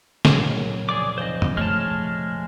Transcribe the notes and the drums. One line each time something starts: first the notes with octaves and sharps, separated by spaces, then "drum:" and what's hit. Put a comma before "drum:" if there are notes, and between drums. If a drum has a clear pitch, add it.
C#2 A#2 F#3, drum: snare
F1 G#4 D5 C#6 D6
F1 C5 D#5 F5 G6
drum: tom F#2
G#3 A3 C#5 A5 F6